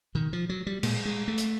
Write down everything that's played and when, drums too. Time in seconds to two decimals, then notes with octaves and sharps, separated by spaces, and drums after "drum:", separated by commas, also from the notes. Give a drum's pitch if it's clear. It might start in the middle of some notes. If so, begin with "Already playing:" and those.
0.15 B2 D#3
0.33 F3
0.49 F#3
0.67 G3
0.83 A#2 G#3, drum: cymbal
1.05 G#3
1.28 A3
1.38 drum: hi-hat